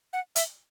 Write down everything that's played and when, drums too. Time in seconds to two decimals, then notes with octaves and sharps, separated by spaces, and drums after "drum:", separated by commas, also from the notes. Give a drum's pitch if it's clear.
0.13 F#5
0.36 E5, drum: hi-hat